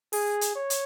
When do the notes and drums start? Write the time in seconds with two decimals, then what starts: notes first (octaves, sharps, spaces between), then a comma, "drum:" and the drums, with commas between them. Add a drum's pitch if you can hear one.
0.13 G#4, drum: open hi-hat
0.41 drum: hi-hat
0.55 C#5
0.70 drum: hi-hat